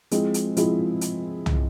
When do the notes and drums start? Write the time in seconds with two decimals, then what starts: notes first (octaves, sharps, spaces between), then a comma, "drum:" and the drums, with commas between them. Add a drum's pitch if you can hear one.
0.11 F3 G#3 C4 E4 G#4, drum: hi-hat
0.34 drum: hi-hat
0.57 F3 G#3 C4 E4 G#4, drum: hi-hat
1.01 drum: hi-hat
1.46 drum: tom